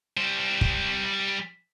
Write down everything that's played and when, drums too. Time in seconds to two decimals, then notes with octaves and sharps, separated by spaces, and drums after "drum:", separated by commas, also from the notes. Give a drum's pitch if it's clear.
0.17 G3 C5
0.61 drum: kick